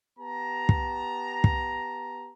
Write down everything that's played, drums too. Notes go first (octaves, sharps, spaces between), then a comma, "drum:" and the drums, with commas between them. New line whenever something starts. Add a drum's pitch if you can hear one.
B3 G4 A5 A#5
drum: kick
drum: kick